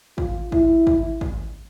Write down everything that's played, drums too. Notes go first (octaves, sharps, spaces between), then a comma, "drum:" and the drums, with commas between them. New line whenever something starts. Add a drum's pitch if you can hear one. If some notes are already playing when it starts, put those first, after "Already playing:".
F4, drum: kick
E4, drum: kick
drum: kick
drum: kick